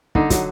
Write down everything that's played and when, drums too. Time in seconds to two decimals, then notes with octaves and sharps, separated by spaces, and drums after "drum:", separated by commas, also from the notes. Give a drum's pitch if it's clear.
0.15 D3 D#4, drum: kick
0.30 F#3, drum: kick, hi-hat